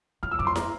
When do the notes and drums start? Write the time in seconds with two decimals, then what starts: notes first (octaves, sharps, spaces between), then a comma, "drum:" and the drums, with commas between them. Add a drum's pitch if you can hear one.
0.23 F2 F6
0.31 E2 E6
0.39 G2 D6
0.44 F2 C6
0.56 A#5, drum: snare E4